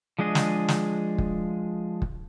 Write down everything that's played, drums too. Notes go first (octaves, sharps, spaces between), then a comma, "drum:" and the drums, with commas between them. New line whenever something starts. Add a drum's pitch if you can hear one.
F3 G#3 D4 G#4 D#5
drum: snare
drum: snare
drum: kick
drum: kick